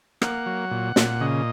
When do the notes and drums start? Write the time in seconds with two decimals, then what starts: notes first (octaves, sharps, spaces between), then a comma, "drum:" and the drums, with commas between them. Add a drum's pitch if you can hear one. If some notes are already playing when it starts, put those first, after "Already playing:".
0.22 A#3 F#5, drum: rim click
0.46 F#3
0.71 A#2
0.96 A#2, drum: snare
1.20 C#3 D#5